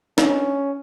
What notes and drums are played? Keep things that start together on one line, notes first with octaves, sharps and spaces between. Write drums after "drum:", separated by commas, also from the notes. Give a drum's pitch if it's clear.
C#4, drum: snare